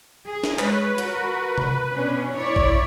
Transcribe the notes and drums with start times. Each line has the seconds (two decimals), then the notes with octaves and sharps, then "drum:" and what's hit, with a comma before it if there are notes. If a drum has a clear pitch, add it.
0.24 G#4
0.44 drum: snare
0.59 G#3 B4 C#5, drum: clap
0.98 F#4 A#4, drum: hi-hat
1.58 drum: tom C3
1.90 B2 C#4 D4
2.33 E4 C#5 D5
2.56 drum: kick A1